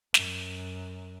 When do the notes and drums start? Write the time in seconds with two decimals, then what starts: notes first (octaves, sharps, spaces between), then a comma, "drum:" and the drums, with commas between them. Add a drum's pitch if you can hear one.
0.14 F#2, drum: snare